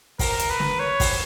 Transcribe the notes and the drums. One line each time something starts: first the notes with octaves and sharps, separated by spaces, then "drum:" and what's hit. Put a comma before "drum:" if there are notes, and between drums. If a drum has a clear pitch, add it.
A#4, drum: kick, open hi-hat
drum: hi-hat
B4
drum: snare
C#5
drum: kick, open hi-hat